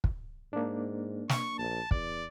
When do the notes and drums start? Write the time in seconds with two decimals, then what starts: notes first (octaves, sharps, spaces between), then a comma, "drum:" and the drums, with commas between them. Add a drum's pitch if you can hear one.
0.04 drum: kick
0.53 G#2 A#3 D4
1.29 C#6, drum: snare
1.58 A#1 A5
1.91 E2 D5, drum: kick